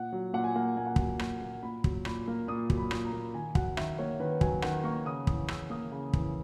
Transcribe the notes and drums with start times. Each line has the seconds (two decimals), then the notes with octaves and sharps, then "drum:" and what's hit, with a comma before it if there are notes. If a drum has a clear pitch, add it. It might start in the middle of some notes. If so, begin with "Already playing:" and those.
Already playing: A#2 F#5
0.13 F#3
0.33 A#2 F#5
0.44 G#5
0.56 A#3 F#5
0.76 A#2 G#5
0.87 F#5
0.96 F#3 G#5, drum: kick
1.19 A#2, drum: rim click
1.42 A#3
1.63 A#2 B5
1.84 F#3, drum: kick
2.05 A#2 B5, drum: rim click
2.28 A#3
2.48 A#2 D#6
2.70 F#3, drum: kick
2.77 B5
2.91 A#2, drum: rim click
3.05 A#5
3.13 A#3
3.34 D#3 G#5
3.55 F#3 F#5, drum: kick
3.77 D#3 E5, drum: rim click
3.99 A#3 C#5
4.20 D#3 B4
4.41 F#3 G#5, drum: kick
4.62 D#3 F#5, drum: rim click
4.84 A#3 C#6
5.05 C#3 D#6
5.27 E3 D#6, drum: kick
5.48 C#3 E6, drum: rim click
5.70 A#3 D#6
5.92 C#3
6.13 E3, drum: kick